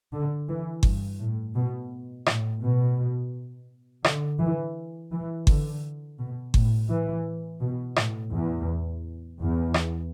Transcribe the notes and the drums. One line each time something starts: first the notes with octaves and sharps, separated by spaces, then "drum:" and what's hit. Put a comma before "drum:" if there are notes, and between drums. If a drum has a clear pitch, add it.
D3
E3
G2, drum: kick G1
A2
B2
A2, drum: rim click
B2
D3, drum: rim click
E3
E3
D3, drum: kick G1
B2
A2, drum: kick G1
E3
B2
A2, drum: rim click
E2
E2
drum: rim click